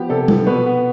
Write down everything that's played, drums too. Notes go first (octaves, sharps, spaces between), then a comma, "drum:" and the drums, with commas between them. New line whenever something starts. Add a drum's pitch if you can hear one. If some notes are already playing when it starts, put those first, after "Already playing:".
Already playing: F3 B3 G4
C3 A4
F3 B3, drum: tom
B2 B3 B4
B3